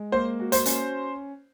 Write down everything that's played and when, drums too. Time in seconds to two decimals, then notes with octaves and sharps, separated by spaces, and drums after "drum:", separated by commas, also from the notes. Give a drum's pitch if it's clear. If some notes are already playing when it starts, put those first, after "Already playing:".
Already playing: G#3
0.12 A#3 C5
0.39 F#4
0.52 C5, drum: hi-hat
0.66 C#4, drum: hi-hat